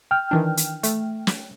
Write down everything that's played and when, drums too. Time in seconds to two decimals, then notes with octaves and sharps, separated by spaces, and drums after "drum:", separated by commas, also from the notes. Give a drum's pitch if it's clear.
0.11 G5 F6
0.31 D#3 E3 D4
0.57 drum: hi-hat
0.83 A3, drum: hi-hat
1.27 drum: snare